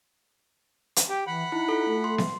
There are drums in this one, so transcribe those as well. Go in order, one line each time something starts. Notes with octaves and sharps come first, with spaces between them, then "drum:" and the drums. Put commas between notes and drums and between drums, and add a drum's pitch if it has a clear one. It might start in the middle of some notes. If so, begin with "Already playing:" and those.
drum: hi-hat
G4
E3 F#5 B5
D#4 E4
F4 A4
A3
C6
drum: snare